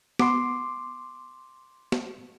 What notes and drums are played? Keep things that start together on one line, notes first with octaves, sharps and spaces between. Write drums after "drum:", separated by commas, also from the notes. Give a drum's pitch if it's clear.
B3 C6 D6, drum: snare
drum: snare